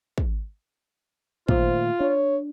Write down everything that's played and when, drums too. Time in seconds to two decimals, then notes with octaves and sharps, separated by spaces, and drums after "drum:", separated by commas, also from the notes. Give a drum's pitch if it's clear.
0.18 drum: kick
1.48 A#2 D#3 A3 F4 C5, drum: kick
2.00 D4 C#5